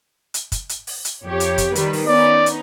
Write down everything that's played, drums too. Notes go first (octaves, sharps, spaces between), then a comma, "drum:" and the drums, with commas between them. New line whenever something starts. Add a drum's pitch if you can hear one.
drum: hi-hat
drum: kick, hi-hat
drum: hi-hat
drum: open hi-hat
drum: hi-hat
F2 G4 C#5
drum: hi-hat
drum: kick, hi-hat
D#3 G3 B4, drum: hi-hat
drum: open hi-hat
B3 C#4 D#4 D5
drum: hi-hat